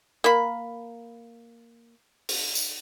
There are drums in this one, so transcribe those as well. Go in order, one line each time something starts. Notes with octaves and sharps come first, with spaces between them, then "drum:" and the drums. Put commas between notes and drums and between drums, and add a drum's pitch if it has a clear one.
A#3 B5
drum: open hi-hat
drum: tambourine